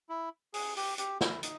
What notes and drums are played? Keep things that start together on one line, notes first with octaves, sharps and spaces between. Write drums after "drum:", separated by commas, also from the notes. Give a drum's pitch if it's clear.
E4
G#4, drum: open hi-hat
G4, drum: open hi-hat
G4, drum: hi-hat
E4, drum: snare
D#4, drum: hi-hat